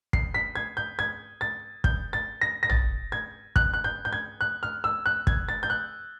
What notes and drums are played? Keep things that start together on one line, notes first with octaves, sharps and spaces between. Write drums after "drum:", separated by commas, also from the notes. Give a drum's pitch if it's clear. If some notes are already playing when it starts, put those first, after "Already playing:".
C7, drum: kick
B6
G#6
G6
G#6
A6
G6, drum: kick
A6
A#6
A#6
A6, drum: tom
G#6
F#6, drum: kick
F#6
G6
G6
G#6
F#6
F6
E6
F#6
G#6, drum: kick
A6
G6
F#6